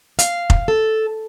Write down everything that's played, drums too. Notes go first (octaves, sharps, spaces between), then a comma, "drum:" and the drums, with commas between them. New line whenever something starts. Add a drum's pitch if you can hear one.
F5, drum: hi-hat
drum: kick F1
A4